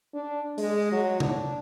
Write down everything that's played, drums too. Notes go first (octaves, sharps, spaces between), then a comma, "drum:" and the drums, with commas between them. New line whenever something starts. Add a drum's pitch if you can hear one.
D4
G#3, drum: open hi-hat
F#3
D4, drum: tom C3